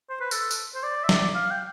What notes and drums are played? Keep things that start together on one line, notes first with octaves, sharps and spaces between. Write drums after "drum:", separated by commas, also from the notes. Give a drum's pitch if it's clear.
C5
B4
A4, drum: tambourine
drum: tambourine
C5
D5
E5
D5, drum: snare
F5
G5